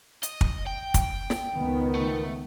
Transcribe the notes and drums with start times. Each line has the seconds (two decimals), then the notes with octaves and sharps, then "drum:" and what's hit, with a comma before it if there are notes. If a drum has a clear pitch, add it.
0.23 D#5, drum: hi-hat
0.41 drum: kick
0.67 G5
0.94 drum: kick, hi-hat
1.30 drum: snare
1.59 C#2 D#3 B3
1.95 A3